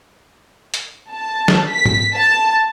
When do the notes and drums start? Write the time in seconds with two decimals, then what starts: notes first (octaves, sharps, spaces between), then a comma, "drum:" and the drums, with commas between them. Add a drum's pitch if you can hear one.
0.74 drum: hi-hat
1.11 A5
1.48 drum: snare
1.72 B6
1.86 drum: tom G#2
2.15 A5